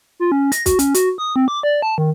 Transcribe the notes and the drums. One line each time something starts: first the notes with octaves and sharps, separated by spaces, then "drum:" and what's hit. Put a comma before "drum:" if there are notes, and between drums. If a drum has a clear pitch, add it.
F4
C#4
A#6, drum: hi-hat
F#4, drum: kick, hi-hat
C#4, drum: hi-hat
F#4, drum: hi-hat
D#6
C4
D6
D5
A5
D#3